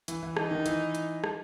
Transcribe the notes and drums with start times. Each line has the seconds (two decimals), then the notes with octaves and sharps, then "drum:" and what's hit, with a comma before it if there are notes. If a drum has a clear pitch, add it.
0.08 E3, drum: hi-hat
0.23 E3
0.37 E3 D#4, drum: rim click
0.51 D#3
0.66 E3, drum: hi-hat
0.95 drum: hi-hat
1.24 drum: rim click